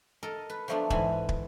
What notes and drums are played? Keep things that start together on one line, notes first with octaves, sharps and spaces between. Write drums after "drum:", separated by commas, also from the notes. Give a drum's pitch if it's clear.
A4 A#4 D#5
B4
F3 F#3 A3 B3 D4
G#2 E3 G#5 B5, drum: kick
drum: kick